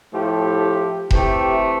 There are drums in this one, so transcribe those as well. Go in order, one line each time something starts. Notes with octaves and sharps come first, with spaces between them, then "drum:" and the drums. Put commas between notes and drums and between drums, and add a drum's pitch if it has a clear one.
A2 F3 A3 G4
C3 E3 A3 G4, drum: kick E1